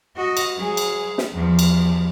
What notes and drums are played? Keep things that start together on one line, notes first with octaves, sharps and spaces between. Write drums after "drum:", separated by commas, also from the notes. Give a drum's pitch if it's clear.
F#4 D#5
drum: cymbal
F#3 G#4
drum: cymbal
drum: snare
E2 F3
drum: cymbal